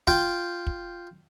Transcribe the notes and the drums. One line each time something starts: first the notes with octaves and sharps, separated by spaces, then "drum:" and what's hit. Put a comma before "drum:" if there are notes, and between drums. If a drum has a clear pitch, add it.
F4 G5, drum: kick
drum: kick